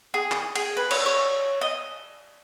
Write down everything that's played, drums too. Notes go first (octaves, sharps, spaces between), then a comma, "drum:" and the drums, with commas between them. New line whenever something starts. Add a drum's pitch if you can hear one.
G#4
drum: clap
G#4, drum: cymbal
B4
C#5, drum: cymbal
C#5
D#5